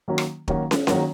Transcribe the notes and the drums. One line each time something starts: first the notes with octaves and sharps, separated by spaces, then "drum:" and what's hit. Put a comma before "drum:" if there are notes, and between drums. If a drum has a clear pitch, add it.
D#3 F#3 A#3 C#4 F#4
drum: rim click
D#3 F#3 A#3 C#4 F#4, drum: kick
drum: snare
D#3 F#3 A#3 C#4 F#4, drum: snare